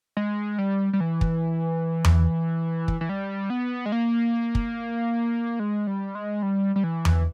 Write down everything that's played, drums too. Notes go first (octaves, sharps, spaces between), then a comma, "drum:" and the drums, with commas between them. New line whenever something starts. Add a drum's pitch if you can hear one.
G#3
G3
G3
E3
drum: kick
drum: tom E2
drum: kick
E3
G3
B3
G#3
A#3
drum: kick
G#3
G3
G#3
G3
G3
E3
drum: tom E2